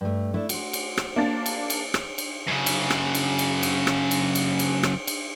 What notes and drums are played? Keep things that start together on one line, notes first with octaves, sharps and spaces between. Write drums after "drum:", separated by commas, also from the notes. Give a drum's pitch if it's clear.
G2 A3
A3 D4 E4
F#4 C5, drum: cymbal
drum: cymbal
drum: rim click
A#3 D4 A6
drum: cymbal
drum: cymbal
drum: rim click
drum: cymbal
F#2 C#3
drum: cymbal
drum: rim click
drum: cymbal
drum: cymbal
drum: cymbal
drum: rim click
drum: cymbal
drum: cymbal
drum: cymbal
drum: rim click
drum: cymbal